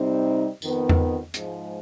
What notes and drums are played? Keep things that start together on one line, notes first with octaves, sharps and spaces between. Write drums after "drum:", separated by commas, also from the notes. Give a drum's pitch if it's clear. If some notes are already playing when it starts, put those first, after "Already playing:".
Already playing: C3 G3 C4 D#4
F2 D#3 B3, drum: tambourine
drum: tom E2
G#2 F3 G#3, drum: hi-hat